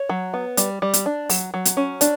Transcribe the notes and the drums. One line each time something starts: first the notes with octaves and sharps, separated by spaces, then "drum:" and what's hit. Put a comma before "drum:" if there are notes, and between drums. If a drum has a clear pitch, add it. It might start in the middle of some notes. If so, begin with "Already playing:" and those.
Already playing: C#5
F#3
B3
G3, drum: hi-hat
G3
drum: hi-hat
D4
F#3, drum: open hi-hat
F#3
drum: hi-hat
C#4
D4, drum: hi-hat